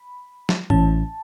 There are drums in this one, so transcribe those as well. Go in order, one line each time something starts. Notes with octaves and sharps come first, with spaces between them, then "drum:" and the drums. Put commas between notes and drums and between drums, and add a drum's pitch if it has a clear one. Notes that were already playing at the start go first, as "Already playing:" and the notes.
Already playing: B5
drum: snare
A1 A2 E3 C#4 A5, drum: tom